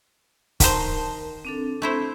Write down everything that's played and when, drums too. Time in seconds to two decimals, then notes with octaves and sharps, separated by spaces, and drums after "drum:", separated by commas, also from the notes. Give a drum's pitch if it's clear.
0.60 D#3 A#4 C5 A5, drum: kick, hi-hat
1.45 C4 D4 A4
1.82 A3 E4 C5